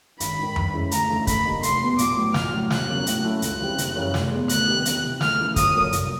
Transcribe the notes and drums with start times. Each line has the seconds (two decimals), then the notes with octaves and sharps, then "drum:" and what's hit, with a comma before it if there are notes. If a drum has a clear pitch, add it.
0.20 G#1 B5, drum: hi-hat
0.39 G#2 D#3
0.56 G2, drum: tom F2
0.73 E3 G#3 C#4 E4
0.91 D2 A#5, drum: hi-hat
1.09 C#3 E3 A3 D4
1.27 D2 B5, drum: kick, hi-hat
1.45 D3 G3 A#3 D#4
1.63 F1 C6, drum: hi-hat
1.81 E2 B2 G3 B3
1.98 A#1 D6, drum: hi-hat
2.17 A2 F#3 B3
2.34 A#1 F6, drum: snare
2.52 A2 F#3
2.70 E1 F#6, drum: snare
2.89 E2 C#3 F#3 A#3
3.07 A2, drum: hi-hat
3.24 F#3 A3 C#4 E4
3.42 C#2 F#6, drum: hi-hat
3.60 C#3 E3 G3 C4
3.78 F#1, drum: hi-hat
3.95 F#2 C#3 E3 G3
4.14 F1, drum: snare
4.31 E2 B2 G#3
4.49 D2 F#6, drum: hi-hat
4.67 C3 D#3 G3 B3
4.85 E2, drum: hi-hat
5.03 C3 E3
5.21 D2 F6, drum: snare
5.39 C#3 E3 A3
5.56 G1 D#6, drum: kick, hi-hat
5.75 F#2 D3 F#3 A#3
5.92 C2, drum: hi-hat